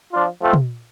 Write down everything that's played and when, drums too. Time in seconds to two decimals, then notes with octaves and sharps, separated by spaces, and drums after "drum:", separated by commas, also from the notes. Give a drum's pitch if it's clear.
0.11 F3 D4 F4
0.42 F3 A3 C4 F4
0.53 drum: tom